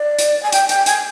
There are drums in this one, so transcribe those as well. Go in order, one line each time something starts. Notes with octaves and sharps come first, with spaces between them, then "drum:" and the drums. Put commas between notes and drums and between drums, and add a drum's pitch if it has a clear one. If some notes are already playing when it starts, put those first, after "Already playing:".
Already playing: D5
drum: hi-hat
G#5
G5, drum: hi-hat
G5, drum: hi-hat
G#5, drum: hi-hat